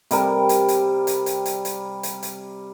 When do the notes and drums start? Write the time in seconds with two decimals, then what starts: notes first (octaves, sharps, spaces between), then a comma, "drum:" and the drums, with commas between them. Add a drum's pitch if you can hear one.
0.11 C3 G3 A#4 A#5, drum: hi-hat
0.49 drum: hi-hat
0.68 drum: hi-hat
1.07 drum: hi-hat
1.26 drum: hi-hat
1.46 drum: hi-hat
1.65 drum: hi-hat
2.03 drum: hi-hat
2.23 drum: hi-hat